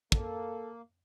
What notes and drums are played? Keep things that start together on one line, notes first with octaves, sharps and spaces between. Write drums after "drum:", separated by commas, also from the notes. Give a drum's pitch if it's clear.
A#3 A4, drum: kick